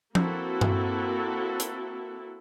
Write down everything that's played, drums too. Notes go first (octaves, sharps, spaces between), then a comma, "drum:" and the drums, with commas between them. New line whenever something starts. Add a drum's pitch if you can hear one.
A#3 C4 E4 F#4 A4, drum: tom F3
drum: tom G2
drum: hi-hat